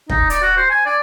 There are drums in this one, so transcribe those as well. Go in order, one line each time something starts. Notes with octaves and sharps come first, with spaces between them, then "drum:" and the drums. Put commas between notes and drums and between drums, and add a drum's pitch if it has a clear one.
D#4, drum: kick
D5, drum: hi-hat
F#4
C5
G#5
D5